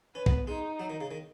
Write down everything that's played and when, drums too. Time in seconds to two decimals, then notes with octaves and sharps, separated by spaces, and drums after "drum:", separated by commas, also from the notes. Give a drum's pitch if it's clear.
0.15 C#4 B4
0.26 B3, drum: kick
0.47 G#3 D#4
0.80 F#3
0.90 D#3
1.01 C#3
1.11 D#3